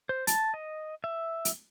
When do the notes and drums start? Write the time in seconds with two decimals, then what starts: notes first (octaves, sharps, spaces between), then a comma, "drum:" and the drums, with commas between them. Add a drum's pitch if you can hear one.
0.09 C5
0.27 A5, drum: hi-hat
0.54 D#5
1.04 E5
1.45 drum: hi-hat